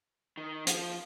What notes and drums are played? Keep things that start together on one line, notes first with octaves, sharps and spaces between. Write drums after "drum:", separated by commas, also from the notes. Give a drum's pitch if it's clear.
D#3
F3, drum: hi-hat